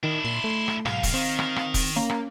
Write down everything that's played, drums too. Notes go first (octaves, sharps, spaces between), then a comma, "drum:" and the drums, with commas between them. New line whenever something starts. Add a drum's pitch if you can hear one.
D#3 D4 E4
A#2 C6
A3
drum: rim click
B1 G#2 F5, drum: rim click
drum: kick E1, open hi-hat
D#3 C4
drum: rim click
drum: rim click
drum: kick E1, open hi-hat
A#3 C#4
drum: rim click